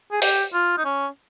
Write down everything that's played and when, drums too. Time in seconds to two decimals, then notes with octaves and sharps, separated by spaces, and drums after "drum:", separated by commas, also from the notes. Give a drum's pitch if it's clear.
0.12 G#4
0.22 G4, drum: open hi-hat
0.53 F4
0.78 D#4
0.85 C#4